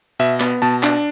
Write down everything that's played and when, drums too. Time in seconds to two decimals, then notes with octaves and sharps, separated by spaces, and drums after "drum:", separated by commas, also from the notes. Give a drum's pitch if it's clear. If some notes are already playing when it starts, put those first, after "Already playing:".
0.19 B2 E5, drum: tambourine
0.40 B3, drum: clap
0.62 B2 A5, drum: tambourine
0.83 D4, drum: clap